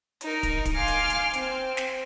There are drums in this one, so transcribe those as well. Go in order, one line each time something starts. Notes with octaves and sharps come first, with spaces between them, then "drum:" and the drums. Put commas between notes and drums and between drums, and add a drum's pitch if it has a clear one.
D#4 A#4, drum: hi-hat
drum: kick, hi-hat
drum: kick, hi-hat
F5 G#5 C6 D6 F6
drum: hi-hat
drum: hi-hat
C4, drum: hi-hat
drum: snare